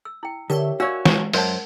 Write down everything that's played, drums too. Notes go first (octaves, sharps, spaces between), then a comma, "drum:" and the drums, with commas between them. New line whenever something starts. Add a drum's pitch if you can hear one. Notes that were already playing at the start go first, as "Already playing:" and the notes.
E6
E4 G5
D3 G4 A#4 C#5 E5
D4 F#4 C#5 D5 F5 E6
G#3, drum: snare
F#2 A#4 C5 F#5 A5, drum: open hi-hat